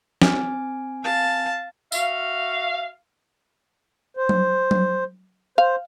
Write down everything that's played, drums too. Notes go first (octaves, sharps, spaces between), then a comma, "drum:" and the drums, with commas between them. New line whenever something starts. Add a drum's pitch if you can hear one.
C4 G#5, drum: snare
F5 A5
F#4 E5 F5, drum: tambourine
C5
drum: tom F#3
drum: tom F#3
C5 F5